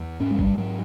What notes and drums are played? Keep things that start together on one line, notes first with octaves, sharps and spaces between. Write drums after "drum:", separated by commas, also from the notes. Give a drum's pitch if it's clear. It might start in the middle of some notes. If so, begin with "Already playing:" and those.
Already playing: E2
G#2 C#4
G#3
G3, drum: kick G#1
G#2 F#3